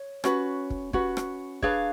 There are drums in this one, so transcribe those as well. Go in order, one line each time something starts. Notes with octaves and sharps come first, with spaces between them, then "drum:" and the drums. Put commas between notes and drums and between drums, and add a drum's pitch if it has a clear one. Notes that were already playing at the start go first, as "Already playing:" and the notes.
Already playing: C#5
C#4 F#4 B4, drum: rim click
drum: kick
C#4 F#4 B4, drum: kick
drum: rim click
D4 G#4 B4 C#5 F5, drum: kick